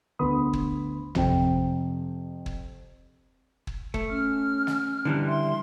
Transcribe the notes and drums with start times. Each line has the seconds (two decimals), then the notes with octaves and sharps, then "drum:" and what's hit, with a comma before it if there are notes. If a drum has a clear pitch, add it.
0.19 D2 B3 B4 B5 C6 D#6
0.53 drum: kick
1.15 F2 C3 G5, drum: tom
2.46 drum: kick
3.67 drum: kick
3.94 A3, drum: kick
4.10 C#4 F6
4.67 drum: snare
5.05 D3 E3 G3
5.28 E5 C6